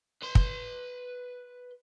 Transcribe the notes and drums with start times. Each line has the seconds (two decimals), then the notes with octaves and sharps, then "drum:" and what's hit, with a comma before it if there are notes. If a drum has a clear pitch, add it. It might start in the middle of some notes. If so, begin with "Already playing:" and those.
0.23 B4 C6
0.35 drum: kick